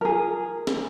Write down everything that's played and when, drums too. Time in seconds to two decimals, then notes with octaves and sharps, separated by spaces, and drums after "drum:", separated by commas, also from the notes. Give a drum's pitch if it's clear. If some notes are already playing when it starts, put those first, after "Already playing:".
0.01 G#4 A#4
0.67 drum: snare